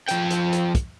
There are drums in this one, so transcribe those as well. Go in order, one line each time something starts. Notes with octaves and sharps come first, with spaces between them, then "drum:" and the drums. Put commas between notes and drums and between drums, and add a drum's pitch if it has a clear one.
F3 G5, drum: hi-hat
drum: hi-hat
drum: hi-hat
drum: kick, hi-hat